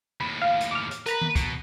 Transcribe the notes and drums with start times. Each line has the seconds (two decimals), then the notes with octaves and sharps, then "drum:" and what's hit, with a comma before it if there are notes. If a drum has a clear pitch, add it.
0.20 D#2 A2 B5
0.42 F5
0.61 drum: hi-hat
0.71 D6 F6
0.91 drum: hi-hat
1.06 A#4 B4 A#5 B5, drum: hi-hat
1.21 drum: tom D#3
1.36 B2, drum: kick, hi-hat